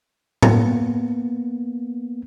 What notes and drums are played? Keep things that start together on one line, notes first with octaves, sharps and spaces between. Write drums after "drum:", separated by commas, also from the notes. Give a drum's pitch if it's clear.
A#3 B3, drum: tom A2